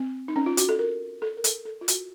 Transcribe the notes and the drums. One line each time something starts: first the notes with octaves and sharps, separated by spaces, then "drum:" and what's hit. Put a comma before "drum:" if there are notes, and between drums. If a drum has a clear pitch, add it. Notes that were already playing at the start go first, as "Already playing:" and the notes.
Already playing: C4
D#4
C#4
F4
F#4, drum: hi-hat
A4
A#4
A4
A#4
A4, drum: hi-hat
A4
F4
F#4, drum: hi-hat